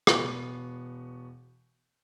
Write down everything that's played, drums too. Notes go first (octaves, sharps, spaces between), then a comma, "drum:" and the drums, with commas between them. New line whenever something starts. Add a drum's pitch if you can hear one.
E1 B3 C#6, drum: rim click